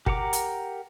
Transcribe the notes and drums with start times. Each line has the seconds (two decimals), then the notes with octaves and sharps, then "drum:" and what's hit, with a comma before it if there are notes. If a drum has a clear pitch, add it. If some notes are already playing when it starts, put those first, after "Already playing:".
0.06 G4 A#4 F#5 A#5 D6, drum: kick
0.33 drum: hi-hat